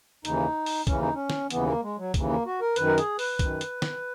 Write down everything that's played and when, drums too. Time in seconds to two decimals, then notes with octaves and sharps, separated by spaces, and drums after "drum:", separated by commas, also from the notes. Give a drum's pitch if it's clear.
0.25 D#2 C#3 E3 D#4, drum: hi-hat
0.66 drum: open hi-hat
0.87 D#2 C#3 E3 C#4, drum: kick B1, hi-hat
1.00 D#4
1.14 C#4
1.30 drum: snare
1.50 D#2 C#3 E3 B3, drum: hi-hat
1.67 A#3
1.82 G#3
1.98 F#3
2.14 D#2 C#3 E3, drum: kick B1, hi-hat
2.29 A#3
2.46 F#4
2.61 A#4
2.76 F#2 D#3 B4, drum: hi-hat
2.87 A#4
2.98 G#4, drum: hi-hat
3.19 B4, drum: open hi-hat
3.39 F#2 D#3, drum: kick B1, hi-hat
3.61 drum: hi-hat
3.82 drum: snare